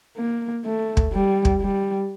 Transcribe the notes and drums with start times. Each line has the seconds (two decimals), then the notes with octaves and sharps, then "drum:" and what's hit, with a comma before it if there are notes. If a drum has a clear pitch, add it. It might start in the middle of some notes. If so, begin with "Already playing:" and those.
0.17 A#3
0.65 A3
0.97 drum: kick
1.13 G3
1.45 drum: kick
1.61 G3